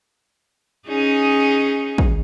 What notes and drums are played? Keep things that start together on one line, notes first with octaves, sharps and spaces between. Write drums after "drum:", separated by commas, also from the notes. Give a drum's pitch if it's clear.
C#4 D#4 G#4
drum: kick